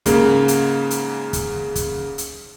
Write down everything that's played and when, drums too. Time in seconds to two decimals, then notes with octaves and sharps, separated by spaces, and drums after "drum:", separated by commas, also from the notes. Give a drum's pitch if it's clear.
0.06 G#2 C#3 A#3, drum: kick, hi-hat
0.48 drum: hi-hat
0.91 drum: hi-hat
1.33 drum: kick, hi-hat
1.75 drum: kick, hi-hat
2.18 drum: hi-hat